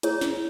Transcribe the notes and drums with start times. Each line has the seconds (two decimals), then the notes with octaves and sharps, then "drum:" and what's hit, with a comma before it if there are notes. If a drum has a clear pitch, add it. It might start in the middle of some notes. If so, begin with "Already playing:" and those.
0.03 E4 G#4 C#5, drum: hi-hat
0.21 drum: snare